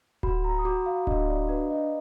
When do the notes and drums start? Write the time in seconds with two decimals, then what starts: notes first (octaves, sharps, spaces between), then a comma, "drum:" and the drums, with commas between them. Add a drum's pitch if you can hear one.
0.23 F#4 B5, drum: kick D1
0.44 A#5
0.59 D#6
0.65 F#4 D6
0.86 F5
1.07 D4 D#5, drum: kick D1
1.28 D5
1.49 D4 B4
1.70 D#5